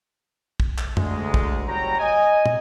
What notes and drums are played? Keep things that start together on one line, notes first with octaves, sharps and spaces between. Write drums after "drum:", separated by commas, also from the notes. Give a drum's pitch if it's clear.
drum: kick
drum: clap
D2 G#3, drum: tom
drum: kick
F#1 F#3 G3 C#5 G5 A#5
D#5 G#5
drum: tom